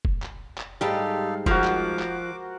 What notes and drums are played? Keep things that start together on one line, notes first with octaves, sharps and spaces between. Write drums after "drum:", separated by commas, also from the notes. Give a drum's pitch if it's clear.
drum: kick F1
drum: clap
drum: clap
G#2 G3 G#3 D#4 G4 A4 F5
F3 F#4 A#4 C5 D6, drum: kick F1
drum: clap
drum: clap